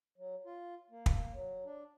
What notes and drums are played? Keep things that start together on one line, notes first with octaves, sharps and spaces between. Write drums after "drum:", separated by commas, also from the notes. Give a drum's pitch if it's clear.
F#3
F4
A#3
drum: kick
F#3
D4